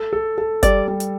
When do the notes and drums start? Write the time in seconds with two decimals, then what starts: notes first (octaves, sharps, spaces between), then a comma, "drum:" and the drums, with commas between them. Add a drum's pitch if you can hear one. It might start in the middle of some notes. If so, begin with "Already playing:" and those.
Already playing: A4
0.13 A4
0.38 A4
0.63 G3 D5, drum: kick F#1, hi-hat
0.88 G3
1.00 drum: hi-hat